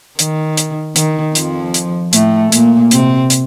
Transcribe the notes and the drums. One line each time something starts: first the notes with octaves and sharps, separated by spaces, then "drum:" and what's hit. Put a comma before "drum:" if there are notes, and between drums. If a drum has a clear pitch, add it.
D#3, drum: hi-hat
drum: hi-hat
D#3, drum: hi-hat
F2 F3, drum: hi-hat
drum: hi-hat
A2 A3, drum: hi-hat
A#2 A#3, drum: hi-hat
C3 C4, drum: hi-hat
drum: hi-hat